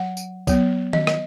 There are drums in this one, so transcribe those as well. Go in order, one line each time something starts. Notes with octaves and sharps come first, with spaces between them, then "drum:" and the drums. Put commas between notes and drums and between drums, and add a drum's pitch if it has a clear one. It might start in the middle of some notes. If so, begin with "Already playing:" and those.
Already playing: F#3 F#5
drum: tambourine
F#3 B3, drum: kick, tambourine
D#5, drum: tom D#3
D#5, drum: rim click